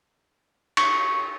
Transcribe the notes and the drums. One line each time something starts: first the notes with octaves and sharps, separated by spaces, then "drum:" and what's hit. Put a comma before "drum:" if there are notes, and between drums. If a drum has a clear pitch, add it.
C#6, drum: cymbal